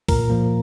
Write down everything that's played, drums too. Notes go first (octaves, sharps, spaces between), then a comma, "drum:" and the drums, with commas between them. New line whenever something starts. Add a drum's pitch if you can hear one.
A#2 A#4 A#5, drum: kick, open hi-hat
F3 A#3